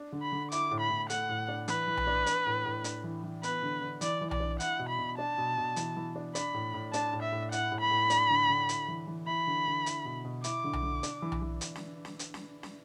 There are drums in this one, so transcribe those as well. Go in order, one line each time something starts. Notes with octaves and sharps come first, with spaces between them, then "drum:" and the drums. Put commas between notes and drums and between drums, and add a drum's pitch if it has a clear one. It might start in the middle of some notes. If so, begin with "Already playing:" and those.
Already playing: D4
D3
B5
D3
E4 D6, drum: hi-hat
A2
B5
A2
A3 F#5, drum: hi-hat
A2
D4
E3 B4, drum: hi-hat
E3
drum: tom B1
D4
D4, drum: hi-hat
A2
A2
D4, drum: hi-hat
E3
E3
B3 B4, drum: hi-hat
D3
D3
E3 D5, drum: hi-hat
E3
D5, drum: tom B1
D4
E4 F#5, drum: hi-hat
B2
B5
B2
D4 A5
B2
B2
E3, drum: hi-hat
E3
D4
D4 B5, drum: hi-hat
A2
A2
D4 A5, drum: hi-hat
A2
E5
A2
E4 F#5, drum: hi-hat
A2
B5
A2
D4, drum: hi-hat
D3
D3
E4, drum: hi-hat
E3
E3
E4 B5
D3
D3
E4, drum: hi-hat
B2
B2
E4 D6, drum: hi-hat
D3
drum: tom B1
D3
D4, drum: hi-hat
E3
drum: tom B1
E3
drum: hi-hat
drum: snare
drum: snare
drum: hi-hat
drum: snare
drum: snare